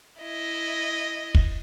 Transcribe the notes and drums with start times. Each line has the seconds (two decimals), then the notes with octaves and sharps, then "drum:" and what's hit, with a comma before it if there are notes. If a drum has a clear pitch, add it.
0.21 E4 D#5
1.35 drum: kick